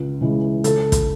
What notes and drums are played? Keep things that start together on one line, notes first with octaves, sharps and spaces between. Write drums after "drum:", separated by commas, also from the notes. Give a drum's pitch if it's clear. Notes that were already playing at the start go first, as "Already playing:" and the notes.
Already playing: C#2
C#3 E3 G#3
C#2 A4, drum: hi-hat
drum: kick, hi-hat